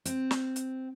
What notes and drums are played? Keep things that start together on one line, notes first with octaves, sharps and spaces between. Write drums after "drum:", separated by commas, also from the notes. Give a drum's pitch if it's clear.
C4, drum: hi-hat
drum: snare
drum: hi-hat